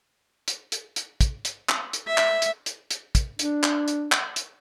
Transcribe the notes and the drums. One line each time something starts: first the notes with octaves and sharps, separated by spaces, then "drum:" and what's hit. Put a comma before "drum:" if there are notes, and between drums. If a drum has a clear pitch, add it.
drum: hi-hat
drum: hi-hat
drum: hi-hat
drum: kick, hi-hat
drum: hi-hat
drum: clap
drum: hi-hat
E5
drum: clap
drum: hi-hat
drum: hi-hat
drum: hi-hat
drum: kick, hi-hat
D4, drum: hi-hat
drum: clap
drum: hi-hat
drum: clap
drum: hi-hat